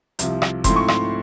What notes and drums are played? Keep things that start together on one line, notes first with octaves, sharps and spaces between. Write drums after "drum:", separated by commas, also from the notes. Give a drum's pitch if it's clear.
C2 C3 F3, drum: hi-hat
drum: rim click
G#2 F3 A3 C4 E4 C6, drum: kick F1, hi-hat
C#6
C6, drum: rim click